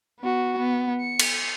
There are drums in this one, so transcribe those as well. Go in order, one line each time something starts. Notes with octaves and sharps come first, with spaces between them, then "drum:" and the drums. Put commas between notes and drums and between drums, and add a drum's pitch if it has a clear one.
B3 F#4
B3
C#7
drum: cymbal